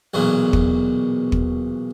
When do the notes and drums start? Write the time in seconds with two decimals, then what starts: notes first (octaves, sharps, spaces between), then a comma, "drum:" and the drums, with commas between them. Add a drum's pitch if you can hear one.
0.14 B1 E2 A#2 F#3
0.53 drum: kick
1.32 drum: kick